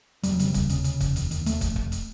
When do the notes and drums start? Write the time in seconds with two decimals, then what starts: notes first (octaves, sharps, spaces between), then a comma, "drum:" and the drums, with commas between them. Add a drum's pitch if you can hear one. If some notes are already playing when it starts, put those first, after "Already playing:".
0.23 F1 G3, drum: hi-hat
0.32 F#3
0.40 C#3 G3, drum: hi-hat
0.54 D#2, drum: kick, hi-hat
0.69 C#3, drum: hi-hat
0.84 C#3, drum: hi-hat
1.01 F1, drum: kick, hi-hat
1.16 D#2, drum: hi-hat
1.31 D#2, drum: hi-hat
1.46 F1 A3, drum: hi-hat
1.61 F1, drum: kick, hi-hat
1.76 F1, drum: kick
1.92 drum: hi-hat